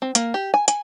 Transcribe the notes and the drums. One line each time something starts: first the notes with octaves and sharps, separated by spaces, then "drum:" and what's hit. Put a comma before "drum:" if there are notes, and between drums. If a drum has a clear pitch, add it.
C4
A#3, drum: hi-hat
G4
G#5
G#5, drum: hi-hat